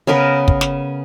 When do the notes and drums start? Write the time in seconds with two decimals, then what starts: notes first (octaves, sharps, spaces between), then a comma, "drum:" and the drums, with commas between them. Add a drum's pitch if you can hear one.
0.07 C#3 B3 A#4 B4
0.48 drum: kick
0.61 drum: snare